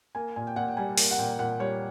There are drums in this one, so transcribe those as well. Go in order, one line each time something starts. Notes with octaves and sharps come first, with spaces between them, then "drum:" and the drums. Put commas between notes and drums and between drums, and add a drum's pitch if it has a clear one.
A#3 G#5
A#2 G#5
G5
A#2 F#5
G5
G3 G#5
A#3, drum: open hi-hat
F#5
A#2 G5
A#2 F#5
G3 C#5